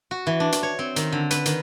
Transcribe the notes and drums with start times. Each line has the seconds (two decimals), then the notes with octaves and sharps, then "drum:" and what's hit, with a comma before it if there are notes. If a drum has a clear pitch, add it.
0.11 F#4
0.27 E3
0.40 D4
0.52 drum: hi-hat
0.63 C#5
0.79 C4
0.96 D#3, drum: hi-hat
1.12 D3
1.31 B4, drum: hi-hat
1.46 D#3, drum: hi-hat